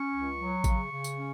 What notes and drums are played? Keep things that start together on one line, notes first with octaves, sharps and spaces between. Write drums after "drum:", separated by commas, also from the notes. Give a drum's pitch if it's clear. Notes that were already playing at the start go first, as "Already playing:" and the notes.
Already playing: C#4 C#6
C#2
F#3
C#3, drum: kick A1, tambourine
C#3
drum: tambourine
C#4